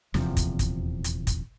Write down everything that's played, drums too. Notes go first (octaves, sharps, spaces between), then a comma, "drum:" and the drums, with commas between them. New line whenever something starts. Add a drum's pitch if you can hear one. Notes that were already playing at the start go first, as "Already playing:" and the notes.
D#1 E2 C3 F3, drum: snare
drum: kick, hi-hat
drum: kick, hi-hat
drum: hi-hat
drum: kick, hi-hat